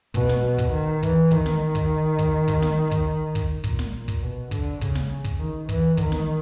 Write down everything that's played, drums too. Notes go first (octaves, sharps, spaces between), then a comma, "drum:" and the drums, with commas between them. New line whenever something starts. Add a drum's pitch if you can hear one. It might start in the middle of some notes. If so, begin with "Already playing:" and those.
B2, drum: kick
drum: snare
B2
drum: kick
D#3
E3, drum: kick
D#3, drum: kick
drum: snare
drum: kick
drum: kick
drum: kick
drum: snare
drum: kick
drum: kick
A#2, drum: kick
drum: snare
A#2
drum: kick
B2
D3, drum: kick
C#3, drum: kick
drum: snare
drum: kick
D#3
E3, drum: kick
D#3, drum: kick
drum: snare